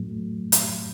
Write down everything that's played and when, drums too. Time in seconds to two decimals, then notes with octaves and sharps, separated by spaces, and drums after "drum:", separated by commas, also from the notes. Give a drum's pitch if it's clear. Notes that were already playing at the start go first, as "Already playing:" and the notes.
Already playing: A2 F#3 A3
0.52 drum: hi-hat